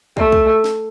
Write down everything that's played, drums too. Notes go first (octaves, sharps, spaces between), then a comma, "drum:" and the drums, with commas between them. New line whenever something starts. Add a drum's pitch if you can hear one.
A3, drum: kick
drum: kick
drum: snare